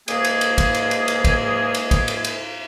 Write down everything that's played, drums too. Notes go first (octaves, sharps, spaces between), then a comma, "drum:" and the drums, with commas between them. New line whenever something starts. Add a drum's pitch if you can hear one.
C#2 G#2 A#3 G#4, drum: cymbal
drum: cymbal
drum: cymbal
drum: kick, cymbal
drum: cymbal
drum: cymbal
drum: cymbal
drum: kick, cymbal
drum: cymbal
drum: kick, cymbal
drum: cymbal
drum: cymbal